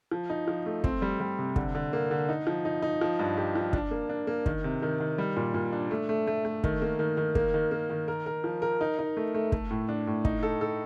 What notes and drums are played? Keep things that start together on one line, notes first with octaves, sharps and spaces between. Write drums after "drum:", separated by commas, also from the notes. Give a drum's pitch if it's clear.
F3
D#4
F3
A3
C4, drum: kick
G3
G3
C3
D3, drum: kick
D3
A#3
D3
D#4
F3
D#4
D#4
F3
G2
G4
F3
D4, drum: kick
A#3
D4
A#3
D#3, drum: kick
C3
D#3
D#3
G3
A#2
A#2
D4
A3
A3
A3
A3
D#3, drum: kick
A#3
D#3
D#3
A#3, drum: kick
D#3
A#3
D#3
A#4
A#4
F3
A#4
D#4
D#4
A3
A3
A3, drum: kick
A2
D4
A2
D#4, drum: kick
A4
A4